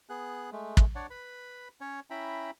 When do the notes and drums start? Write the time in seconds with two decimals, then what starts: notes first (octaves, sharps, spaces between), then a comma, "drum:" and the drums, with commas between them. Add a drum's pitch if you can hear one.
0.09 B3 G#4 F#6
0.52 G#3 A3
0.77 drum: kick
0.95 D4 C#5 D5 F#5
1.10 B4 B5
1.81 C#4 C#5
2.10 C#4 E4 E5 G5 A#5 B5